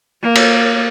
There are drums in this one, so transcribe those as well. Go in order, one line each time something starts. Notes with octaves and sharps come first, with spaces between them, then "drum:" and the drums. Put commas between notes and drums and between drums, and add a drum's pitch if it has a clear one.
A#3
drum: cymbal